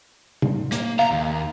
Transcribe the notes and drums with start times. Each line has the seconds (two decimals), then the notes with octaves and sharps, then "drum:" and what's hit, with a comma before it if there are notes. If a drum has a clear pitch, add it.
0.42 drum: tom C3
0.72 A#3, drum: hi-hat
0.99 F5 A#5
1.12 D#2